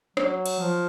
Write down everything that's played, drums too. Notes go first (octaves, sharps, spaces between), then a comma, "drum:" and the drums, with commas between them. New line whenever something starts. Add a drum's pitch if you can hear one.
F#3, drum: rim click
drum: cymbal
F3